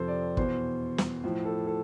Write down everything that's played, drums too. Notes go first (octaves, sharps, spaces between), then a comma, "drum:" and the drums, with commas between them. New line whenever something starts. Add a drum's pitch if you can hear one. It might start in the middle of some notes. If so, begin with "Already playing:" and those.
Already playing: F2 C3 F3 A4 C5
D5
E2 B2 C5, drum: kick
drum: snare
A2 F3
A4
A4